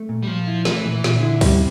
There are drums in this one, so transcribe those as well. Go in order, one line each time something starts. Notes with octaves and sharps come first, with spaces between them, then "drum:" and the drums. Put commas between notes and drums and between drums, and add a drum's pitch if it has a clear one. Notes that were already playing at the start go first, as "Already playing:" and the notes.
Already playing: A3
A#2
G3
A#2 F3
E4
E3 A3, drum: snare
A#2
E3
A#2, drum: snare
D3
E4
C3 G3, drum: kick, open hi-hat